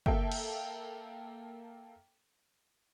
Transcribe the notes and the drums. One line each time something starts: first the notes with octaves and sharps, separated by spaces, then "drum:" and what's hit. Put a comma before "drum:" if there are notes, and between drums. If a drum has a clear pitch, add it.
A#3 A4 E5 G5, drum: kick
drum: cymbal